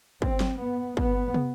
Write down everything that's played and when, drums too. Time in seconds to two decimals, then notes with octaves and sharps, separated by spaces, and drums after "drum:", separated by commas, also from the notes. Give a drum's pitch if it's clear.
0.22 C4, drum: kick
0.40 drum: snare F#3
0.60 B3
0.97 B3, drum: kick
1.34 drum: tom